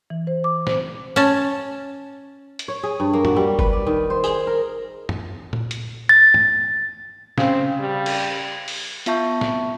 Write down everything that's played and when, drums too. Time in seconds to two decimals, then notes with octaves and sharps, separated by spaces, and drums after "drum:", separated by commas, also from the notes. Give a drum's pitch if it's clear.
0.10 E3
0.27 C5
0.44 D6
0.67 C5, drum: snare
1.16 C#4 A5, drum: tambourine
2.59 drum: hi-hat
2.68 C#5
2.83 G#4
3.00 G2
3.13 A#3
3.25 F#4, drum: tom F#2
3.36 G3
3.59 B4, drum: kick F#1
3.73 D5
3.87 D#3
4.10 C5
4.24 G#4, drum: tambourine
4.47 A#4
5.09 drum: tom F#2
5.53 drum: tom A#2
5.71 drum: hi-hat
6.09 A6
6.34 drum: tom
7.38 C#3 C4, drum: snare
7.79 G3
8.06 drum: cymbal
8.68 drum: open hi-hat
9.06 B3 F4 E5 A5 C#6 G6, drum: hi-hat
9.41 drum: snare